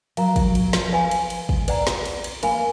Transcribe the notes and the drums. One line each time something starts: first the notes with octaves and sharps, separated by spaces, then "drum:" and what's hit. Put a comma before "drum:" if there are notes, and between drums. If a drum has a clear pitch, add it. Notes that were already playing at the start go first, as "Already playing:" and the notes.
F#3 A#4 F5 A#5, drum: cymbal
F#3, drum: kick, cymbal
F#3, drum: cymbal
F3, drum: snare
B4 F5 G#5 B5
drum: cymbal
drum: cymbal
drum: kick
B4 D5 F#5 A#5, drum: cymbal
drum: snare
drum: cymbal
drum: cymbal
A#3 F4 A#4 F5 G#5 B5, drum: cymbal